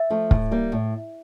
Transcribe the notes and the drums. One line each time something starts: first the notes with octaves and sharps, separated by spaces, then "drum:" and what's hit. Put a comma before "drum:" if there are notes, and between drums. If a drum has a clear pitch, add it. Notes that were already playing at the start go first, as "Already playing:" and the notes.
Already playing: E5
F3 A3
A2, drum: kick
G3 A#3
A2